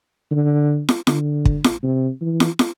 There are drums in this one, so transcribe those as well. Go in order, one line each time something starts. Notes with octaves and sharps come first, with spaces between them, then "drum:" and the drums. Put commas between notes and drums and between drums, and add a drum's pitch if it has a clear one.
D3
drum: snare
D3, drum: snare
drum: kick
drum: snare
C3
E3
drum: snare
drum: snare